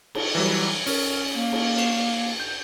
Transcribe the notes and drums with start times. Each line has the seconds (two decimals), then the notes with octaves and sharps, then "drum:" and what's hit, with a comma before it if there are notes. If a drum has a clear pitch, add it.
0.15 drum: cymbal
0.35 E3 F#3 G3
0.86 C#4 A#4, drum: open hi-hat
1.34 A#3
1.52 drum: cymbal
1.78 drum: cymbal
2.40 G6